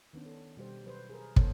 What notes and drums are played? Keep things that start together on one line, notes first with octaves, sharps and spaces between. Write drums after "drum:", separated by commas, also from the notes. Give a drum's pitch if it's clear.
D#3 B3 C#4 D4
A4
B2 G3 G4 C5
F#3 B4 C5
G#4 A#4
D#3 G3 B3 A4 C5 C#5, drum: kick